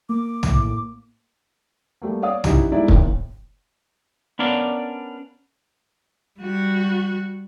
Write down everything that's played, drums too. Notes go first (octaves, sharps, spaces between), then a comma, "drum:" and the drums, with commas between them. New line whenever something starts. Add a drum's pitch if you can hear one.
A#3 D6
A2, drum: tom
G3 A3 A#3
C#5 D5 F5 D#6
C#4 D#4 E4 F#4 G4 D#5, drum: tom
G3 G#3 D#4 E4 D5 E5
F#1 D#2, drum: kick
B3 C#4 D4 A#4 D5 F5
G3 F#4